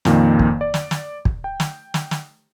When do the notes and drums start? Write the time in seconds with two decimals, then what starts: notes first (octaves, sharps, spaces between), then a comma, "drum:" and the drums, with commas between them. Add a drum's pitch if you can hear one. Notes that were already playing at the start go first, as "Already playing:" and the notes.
0.05 F2 A#2 D#3 A#3, drum: snare
0.39 drum: kick
0.61 D5
0.74 drum: snare
0.91 drum: snare
1.25 drum: kick
1.44 G5
1.60 drum: snare
1.94 drum: snare
2.11 drum: snare